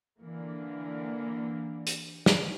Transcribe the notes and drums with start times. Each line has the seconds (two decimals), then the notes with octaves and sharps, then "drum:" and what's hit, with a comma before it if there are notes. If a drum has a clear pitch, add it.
0.21 D3 E3 A#3
1.87 drum: hi-hat
2.26 drum: snare